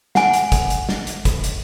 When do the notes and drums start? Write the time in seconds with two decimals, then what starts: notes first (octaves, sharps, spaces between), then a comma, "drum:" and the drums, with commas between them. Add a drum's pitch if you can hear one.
0.15 F#5 G#5, drum: snare
0.34 drum: hi-hat
0.52 drum: kick, hi-hat
0.70 drum: hi-hat
0.89 drum: snare
1.07 drum: hi-hat
1.25 drum: kick, hi-hat
1.44 drum: hi-hat